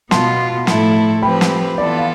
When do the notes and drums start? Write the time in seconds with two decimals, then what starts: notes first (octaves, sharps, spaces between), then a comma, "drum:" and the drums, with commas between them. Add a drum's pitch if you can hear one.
0.11 B2 B3 F4 A5 C6, drum: snare
0.67 A2 F3 A3 E4 A4, drum: snare
1.22 F3 C4 G4 B4 G5 B5
1.41 drum: snare
1.78 E3 B3 F4 A4 D5
1.98 F5